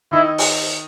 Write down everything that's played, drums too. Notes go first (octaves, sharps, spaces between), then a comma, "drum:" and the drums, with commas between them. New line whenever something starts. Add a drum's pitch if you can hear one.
D#3 D#4 E4
drum: open hi-hat